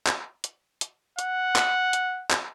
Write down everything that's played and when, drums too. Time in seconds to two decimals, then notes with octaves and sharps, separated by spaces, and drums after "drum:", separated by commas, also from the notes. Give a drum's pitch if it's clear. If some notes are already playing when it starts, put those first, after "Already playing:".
0.07 drum: clap
0.44 drum: hi-hat
0.81 drum: hi-hat
1.19 F#5, drum: hi-hat
1.56 drum: clap
1.93 drum: hi-hat
2.31 drum: clap